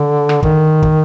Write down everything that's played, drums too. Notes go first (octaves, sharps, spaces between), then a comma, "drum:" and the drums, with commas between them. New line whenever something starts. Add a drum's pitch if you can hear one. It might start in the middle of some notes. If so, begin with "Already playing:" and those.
Already playing: D3
drum: rim click
D#3, drum: kick
drum: kick